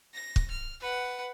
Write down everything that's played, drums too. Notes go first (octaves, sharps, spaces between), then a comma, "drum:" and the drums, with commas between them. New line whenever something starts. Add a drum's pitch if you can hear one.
A#6
drum: kick
F6
B4 F#5